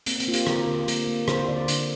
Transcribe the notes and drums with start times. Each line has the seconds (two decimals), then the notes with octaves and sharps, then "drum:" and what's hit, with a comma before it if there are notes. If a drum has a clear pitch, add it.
0.06 A#3 C4, drum: hi-hat
0.20 C4, drum: hi-hat
0.27 A#3 F4
0.34 G4, drum: hi-hat
0.47 D3 A#4, drum: rim click
0.67 D3
0.88 A#3, drum: hi-hat
1.07 A#3
1.28 D3 C5, drum: rim click
1.48 D3 D5
1.68 D3, drum: hi-hat